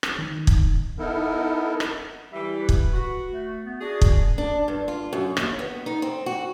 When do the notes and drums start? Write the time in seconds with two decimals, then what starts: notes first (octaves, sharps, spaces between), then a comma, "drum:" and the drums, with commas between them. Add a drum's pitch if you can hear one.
0.03 drum: rim click
0.18 D#3
0.47 drum: kick
0.99 B3 D#4 E4 A4 A#4
1.80 drum: rim click
2.32 E3 G3 E5
2.59 B4
2.69 drum: kick
2.94 F#4
3.31 A3
3.66 B3
3.81 D4 F#4 G#4
4.01 drum: kick
4.38 D4
4.68 G2
4.88 F4
5.13 F#2
5.37 D#2, drum: rim click
5.59 B3
5.86 D#4
6.02 C4
6.26 F#4